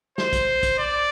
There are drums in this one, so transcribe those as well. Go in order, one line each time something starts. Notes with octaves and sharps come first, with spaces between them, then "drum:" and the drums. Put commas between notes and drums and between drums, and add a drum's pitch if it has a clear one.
C5, drum: snare
drum: kick, hi-hat
drum: kick, hi-hat
D5